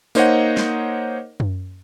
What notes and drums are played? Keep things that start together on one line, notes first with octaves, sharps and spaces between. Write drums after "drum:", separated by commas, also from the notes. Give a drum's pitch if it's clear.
A#3 D#4 C5 C#5 D#5 F#5, drum: tambourine
drum: snare
drum: tom F#2